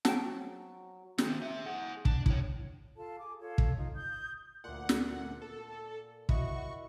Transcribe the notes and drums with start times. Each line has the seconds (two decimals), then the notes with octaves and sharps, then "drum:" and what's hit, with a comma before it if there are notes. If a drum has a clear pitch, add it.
0.05 F#3 F#5 G5 A5, drum: snare
1.18 D#3 C4, drum: snare
1.42 C4 E5
1.66 G#4 F#5
2.05 D4, drum: kick
2.26 E4 C#5, drum: kick
2.95 F4 A4 A5
3.19 G#4 D6
3.40 F4 A4 C#5
3.58 drum: kick
3.77 D#4 F4
3.95 D#6 G6
4.64 D2 A#2 F#5 C6 D6
4.89 drum: snare
5.41 A4
6.29 E4 F#4 D#5 C#6, drum: kick